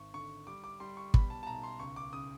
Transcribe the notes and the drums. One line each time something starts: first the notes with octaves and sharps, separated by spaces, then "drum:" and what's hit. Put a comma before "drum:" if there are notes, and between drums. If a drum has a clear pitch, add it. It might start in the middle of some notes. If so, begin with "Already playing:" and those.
Already playing: G#1 C#6
D3 C#6
G3 D6
D6
G3 C6
C#6
B2 B5, drum: kick
A5
A5
B1 A#5
C6
C#2 C#6
D6
C#3 D#6